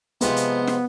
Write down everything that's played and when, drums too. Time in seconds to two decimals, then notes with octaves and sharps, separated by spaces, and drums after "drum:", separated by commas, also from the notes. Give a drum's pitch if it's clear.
0.21 G#2 C3 F3 B3, drum: hi-hat
0.36 drum: hi-hat
0.67 drum: snare